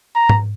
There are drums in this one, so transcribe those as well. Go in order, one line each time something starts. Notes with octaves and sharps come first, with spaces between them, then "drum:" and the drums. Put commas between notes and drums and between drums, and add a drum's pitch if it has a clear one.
A#5
drum: tom G#2